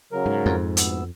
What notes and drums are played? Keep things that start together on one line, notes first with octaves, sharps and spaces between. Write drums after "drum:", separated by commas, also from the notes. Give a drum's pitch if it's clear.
C#3 F#3 A#4
G#2
F2
D2 B3 E6, drum: hi-hat